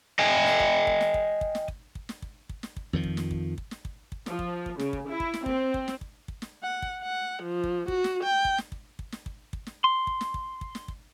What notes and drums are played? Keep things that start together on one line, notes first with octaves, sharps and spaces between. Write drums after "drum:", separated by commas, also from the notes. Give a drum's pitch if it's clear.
D#5 G5 G#5
drum: snare
drum: kick
drum: kick
drum: snare
drum: kick
drum: kick
drum: snare
drum: kick
drum: kick
drum: snare
drum: kick
drum: kick
drum: snare
drum: kick
F2 D#3 F3
drum: kick
drum: snare
drum: kick
drum: kick
drum: snare
drum: kick
drum: kick
F3, drum: snare
drum: kick
drum: kick
C#3, drum: snare
drum: kick
E4
drum: kick
drum: snare
C4, drum: kick
drum: kick
drum: snare
drum: kick
drum: kick
drum: snare
F#5
drum: kick
F#5
F3
drum: kick
F#4, drum: kick
drum: snare
G5
drum: kick
drum: snare
drum: kick
drum: kick
drum: snare
drum: kick
drum: kick
drum: snare
C6
drum: kick
drum: snare
drum: kick
drum: kick
drum: snare
drum: kick